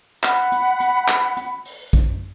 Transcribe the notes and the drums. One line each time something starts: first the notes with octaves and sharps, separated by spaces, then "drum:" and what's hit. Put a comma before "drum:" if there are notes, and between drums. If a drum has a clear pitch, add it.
F#5 B5, drum: clap
drum: hi-hat
drum: hi-hat
drum: clap
drum: hi-hat
drum: open hi-hat
drum: kick, hi-hat